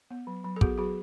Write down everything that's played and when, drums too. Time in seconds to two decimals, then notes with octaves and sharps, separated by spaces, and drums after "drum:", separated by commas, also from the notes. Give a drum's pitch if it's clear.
0.11 B3
0.27 F#3
0.44 F#3
0.56 A4
0.61 B3 F#4 G#4, drum: kick
0.78 F#3 F#4 G#4